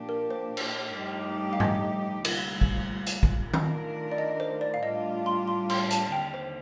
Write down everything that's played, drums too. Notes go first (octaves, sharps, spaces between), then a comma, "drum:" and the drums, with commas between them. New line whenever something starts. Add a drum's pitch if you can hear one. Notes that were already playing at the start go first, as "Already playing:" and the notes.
Already playing: A#2 F3 A#3 D4 G4
A#4
C5
drum: cymbal
G2 F3 A3 D#4 G4
F5
D#5, drum: tom G2
D2 C3 G3 A#3 F4, drum: cymbal
drum: kick
drum: hi-hat
drum: kick
D#3 A3 D4 F4 A#4, drum: tom D#3
D5
D#5
C5
D5
F5
A2 G3 D4 F4 D#5
C6
C6
C6, drum: cymbal
A5, drum: hi-hat
D#2 D3 G3 C4 G5
C5